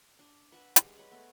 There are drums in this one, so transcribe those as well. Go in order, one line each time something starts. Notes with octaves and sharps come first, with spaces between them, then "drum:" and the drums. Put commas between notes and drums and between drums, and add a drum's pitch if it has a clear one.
D4
B4 E5 F#5
G3 G#3, drum: hi-hat
B4 C#5 D#5 F#5
A3 B3